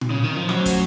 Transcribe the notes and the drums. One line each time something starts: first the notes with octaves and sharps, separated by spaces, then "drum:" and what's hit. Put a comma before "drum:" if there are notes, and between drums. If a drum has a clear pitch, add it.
drum: tom A#2
C#3
D#3
F3
F#3 A3 C#4 F#4 C5, drum: rim click
drum: kick, hi-hat